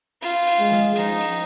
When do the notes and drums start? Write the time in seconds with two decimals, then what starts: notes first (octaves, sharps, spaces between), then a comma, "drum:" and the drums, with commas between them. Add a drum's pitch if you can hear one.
0.22 F4, drum: cymbal
0.47 drum: cymbal
0.60 G#3
0.72 drum: snare
0.96 F3 D#4, drum: cymbal
1.21 drum: cymbal